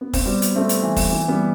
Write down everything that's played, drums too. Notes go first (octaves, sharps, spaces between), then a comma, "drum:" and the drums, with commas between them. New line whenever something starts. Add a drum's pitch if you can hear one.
B3
C4, drum: kick, open hi-hat
G3 B3
drum: hi-hat
A3 C4
drum: hi-hat
E3
drum: kick, open hi-hat
E3
G3 B3